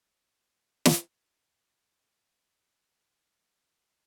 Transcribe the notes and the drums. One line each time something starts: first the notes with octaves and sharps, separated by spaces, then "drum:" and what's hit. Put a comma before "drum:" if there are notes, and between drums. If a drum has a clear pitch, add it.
A#4
drum: snare
B3
D3
E3
C5
E3
G#3
F#3
F2
B3